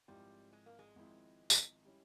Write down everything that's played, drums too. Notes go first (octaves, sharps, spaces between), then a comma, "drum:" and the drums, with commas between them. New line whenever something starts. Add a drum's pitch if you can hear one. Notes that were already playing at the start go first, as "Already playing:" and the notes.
G#1 G#2 F3 G3 C4 E4
G#3
A#3
G#3
G#1 G#2 F3 C4 E4
drum: tambourine
G3 C#4 E4